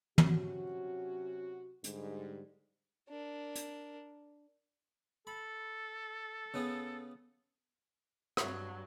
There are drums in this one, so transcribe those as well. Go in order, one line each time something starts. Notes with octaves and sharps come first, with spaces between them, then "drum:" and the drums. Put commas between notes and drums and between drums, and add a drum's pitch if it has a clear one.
C3 F#3 C#4 F#4, drum: tom
G#2 D3 G3, drum: hi-hat
D4 A#4
drum: hi-hat
A4 B5
C#3 B3 G#4
G2 F#3 D#6, drum: rim click